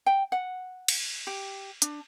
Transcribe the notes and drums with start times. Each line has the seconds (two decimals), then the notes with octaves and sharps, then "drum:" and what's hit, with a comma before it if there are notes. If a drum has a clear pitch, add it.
0.06 G5
0.32 F#5
0.88 drum: cymbal
1.27 G4
1.82 D4, drum: hi-hat